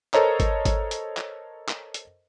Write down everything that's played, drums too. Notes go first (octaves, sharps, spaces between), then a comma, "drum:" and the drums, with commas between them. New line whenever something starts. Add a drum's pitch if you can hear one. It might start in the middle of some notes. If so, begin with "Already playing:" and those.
A4 A#4 C5 C#5 D#5 A#5, drum: clap
drum: kick G#1, hi-hat
drum: kick G#1, hi-hat
drum: hi-hat
drum: clap
drum: clap
drum: hi-hat